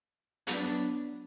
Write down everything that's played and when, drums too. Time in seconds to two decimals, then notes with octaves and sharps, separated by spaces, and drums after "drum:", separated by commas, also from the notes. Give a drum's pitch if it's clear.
0.47 F#3 B3 D4, drum: hi-hat